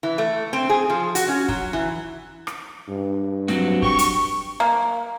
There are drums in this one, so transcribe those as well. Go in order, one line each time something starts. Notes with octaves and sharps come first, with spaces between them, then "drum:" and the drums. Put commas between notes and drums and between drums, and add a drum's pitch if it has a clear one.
E3
A3
C4
G#4
F3
F#4, drum: hi-hat
C#4
F#3, drum: kick
E3
drum: rim click
G2
F#3 C4 F#4, drum: snare
G4 C#6, drum: kick
drum: hi-hat
A#3